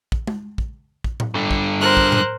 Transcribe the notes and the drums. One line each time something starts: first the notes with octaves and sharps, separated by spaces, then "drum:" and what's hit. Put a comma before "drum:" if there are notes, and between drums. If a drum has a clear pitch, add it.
drum: kick
drum: tom G#3
drum: kick
drum: kick
drum: tom A2
G2 D3
drum: kick
A#4 C5 F#6
drum: kick
drum: tom A2